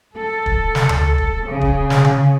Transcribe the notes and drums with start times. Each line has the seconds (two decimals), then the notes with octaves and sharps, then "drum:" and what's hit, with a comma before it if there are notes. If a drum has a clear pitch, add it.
0.15 A4
0.46 drum: kick
0.75 drum: snare
0.89 drum: tom D2
1.18 drum: kick
1.47 C#3
1.61 drum: kick
1.90 drum: snare
2.05 drum: tom C#3